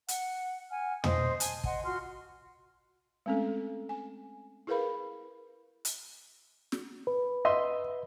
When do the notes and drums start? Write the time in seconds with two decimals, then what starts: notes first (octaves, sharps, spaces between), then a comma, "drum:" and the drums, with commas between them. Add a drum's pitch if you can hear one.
0.08 F#5, drum: hi-hat
0.70 F#5 G#5 F6
1.04 C5 D#5 D#6, drum: tom
1.40 G#5 A5, drum: hi-hat
1.64 D#5 F#5 C6, drum: kick
1.84 F4 F#4 C6 F6
3.26 G#3 A3 C4 C#4 A4
3.89 G#5
4.67 E4 G#4 A#4 B4 F5 B5
5.85 drum: hi-hat
6.72 drum: snare
7.07 B4
7.45 D#5 E5 C6